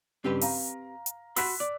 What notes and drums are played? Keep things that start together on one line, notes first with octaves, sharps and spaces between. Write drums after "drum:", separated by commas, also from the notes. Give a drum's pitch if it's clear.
G2 C#3 C4 G4 B4
F5 A#5, drum: open hi-hat
drum: hi-hat
F#4 B5 C6 E6 F#6 B6, drum: open hi-hat
D5